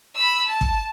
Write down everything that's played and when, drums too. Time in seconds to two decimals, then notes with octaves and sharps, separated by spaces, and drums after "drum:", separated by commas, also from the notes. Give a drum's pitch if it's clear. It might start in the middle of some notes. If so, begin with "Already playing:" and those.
0.15 B5 E6
0.48 A5
0.61 drum: kick